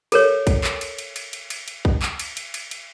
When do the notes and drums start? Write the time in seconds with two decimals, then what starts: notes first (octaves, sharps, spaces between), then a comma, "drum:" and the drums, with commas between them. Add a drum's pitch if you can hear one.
0.12 A4 A#4 C#5, drum: cymbal
0.47 drum: kick, cymbal
0.64 drum: clap
0.81 drum: cymbal
0.98 drum: cymbal
1.16 drum: cymbal
1.33 drum: cymbal
1.50 drum: cymbal
1.68 drum: cymbal
1.85 drum: kick
2.02 drum: clap
2.19 drum: cymbal
2.37 drum: cymbal
2.54 drum: cymbal
2.71 drum: cymbal